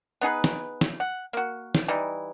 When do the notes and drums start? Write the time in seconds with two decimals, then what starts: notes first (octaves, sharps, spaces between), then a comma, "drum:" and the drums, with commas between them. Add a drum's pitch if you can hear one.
0.21 B3 D#4 G#4 B4
0.44 drum: snare
0.81 drum: snare
1.00 F#5
1.33 A#3 F#4
1.75 drum: snare
1.88 E3 G3 D#4